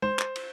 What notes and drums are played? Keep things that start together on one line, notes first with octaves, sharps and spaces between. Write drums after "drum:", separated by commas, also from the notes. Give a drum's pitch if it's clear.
C5, drum: tom
drum: clap
drum: cymbal